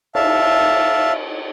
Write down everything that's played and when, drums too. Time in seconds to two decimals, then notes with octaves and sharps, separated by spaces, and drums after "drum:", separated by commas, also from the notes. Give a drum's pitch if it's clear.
0.15 E5 F5 A5, drum: cymbal